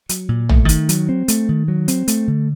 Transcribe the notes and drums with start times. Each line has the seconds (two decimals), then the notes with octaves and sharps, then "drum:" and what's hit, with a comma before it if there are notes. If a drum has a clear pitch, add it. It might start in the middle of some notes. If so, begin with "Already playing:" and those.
0.09 F#3, drum: hi-hat
0.29 A#2
0.49 A3, drum: tom
0.69 D#3, drum: hi-hat
0.89 F#3, drum: hi-hat
1.09 C4
1.28 A3, drum: hi-hat
1.49 D#3
1.68 F#3
1.88 C4, drum: hi-hat
2.08 A3, drum: hi-hat
2.28 D3